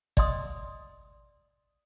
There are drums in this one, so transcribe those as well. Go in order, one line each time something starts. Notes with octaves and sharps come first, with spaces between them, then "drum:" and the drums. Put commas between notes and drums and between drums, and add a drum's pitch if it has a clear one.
D5 D#5 C6 D#6, drum: kick G#1